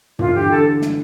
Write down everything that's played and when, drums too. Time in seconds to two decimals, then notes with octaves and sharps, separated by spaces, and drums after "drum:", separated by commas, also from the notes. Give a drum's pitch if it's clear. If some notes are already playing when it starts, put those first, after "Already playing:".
0.19 E3 F4, drum: tom
0.35 D3 G4
0.51 D3 A4
0.82 drum: snare